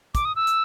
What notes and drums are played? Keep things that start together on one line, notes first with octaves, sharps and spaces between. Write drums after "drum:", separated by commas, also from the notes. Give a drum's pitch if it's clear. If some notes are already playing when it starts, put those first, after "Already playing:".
D6, drum: kick, hi-hat
D#6
E6
drum: hi-hat